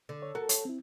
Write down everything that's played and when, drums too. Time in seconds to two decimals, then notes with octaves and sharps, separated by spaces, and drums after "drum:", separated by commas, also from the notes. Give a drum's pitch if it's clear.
0.09 D3
0.22 C#5
0.35 F#4 A4 A#4
0.49 C#5, drum: hi-hat
0.65 C4 E4